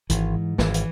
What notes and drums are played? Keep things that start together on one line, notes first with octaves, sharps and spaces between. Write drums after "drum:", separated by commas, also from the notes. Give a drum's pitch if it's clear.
G#1 E3, drum: hi-hat
G#2
G#1 E3, drum: snare
drum: hi-hat